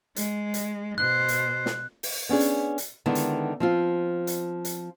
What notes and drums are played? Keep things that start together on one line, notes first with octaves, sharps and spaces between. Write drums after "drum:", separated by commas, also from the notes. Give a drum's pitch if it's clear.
G#3, drum: hi-hat
drum: hi-hat
B2 C5 F#6
drum: hi-hat
drum: snare
drum: open hi-hat
B3 C#4 D4 G#4
drum: hi-hat
drum: hi-hat
D3 D#3 G#3 B3 E4
drum: hi-hat
F3 C4 F4
drum: hi-hat
drum: hi-hat